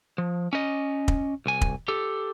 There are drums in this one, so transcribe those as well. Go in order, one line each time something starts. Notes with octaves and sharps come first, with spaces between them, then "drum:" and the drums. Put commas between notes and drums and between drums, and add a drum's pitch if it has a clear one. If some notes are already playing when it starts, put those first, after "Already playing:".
F3
C#4 D#5
drum: kick
C2 G#5
drum: kick
G4 A4